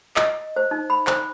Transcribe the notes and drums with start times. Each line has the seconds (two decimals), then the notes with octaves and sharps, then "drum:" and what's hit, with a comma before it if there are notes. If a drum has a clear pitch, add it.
0.16 D#5, drum: clap
0.56 C5
0.71 D#4
0.90 B5
1.07 C5, drum: clap